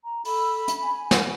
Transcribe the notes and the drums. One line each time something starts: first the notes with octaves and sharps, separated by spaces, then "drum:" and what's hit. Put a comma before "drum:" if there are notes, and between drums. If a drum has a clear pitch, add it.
A#5
A4 B5, drum: open hi-hat
drum: hi-hat
G#5
drum: snare